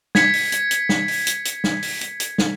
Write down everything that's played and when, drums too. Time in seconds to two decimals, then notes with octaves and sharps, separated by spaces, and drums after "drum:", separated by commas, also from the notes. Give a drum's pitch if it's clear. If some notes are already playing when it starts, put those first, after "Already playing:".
0.15 G#6 B6 C#7, drum: snare
0.33 drum: open hi-hat
0.52 drum: hi-hat
0.71 drum: hi-hat
0.89 drum: snare
1.08 drum: open hi-hat
1.27 drum: hi-hat
1.45 drum: hi-hat
1.64 drum: snare
1.82 drum: open hi-hat
2.01 drum: hi-hat
2.20 drum: hi-hat
2.38 drum: snare